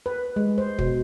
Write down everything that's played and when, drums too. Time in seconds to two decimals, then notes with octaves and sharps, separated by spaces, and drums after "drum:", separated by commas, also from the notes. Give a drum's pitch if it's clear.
0.06 B4
0.36 G#3
0.58 C5
0.79 B2, drum: kick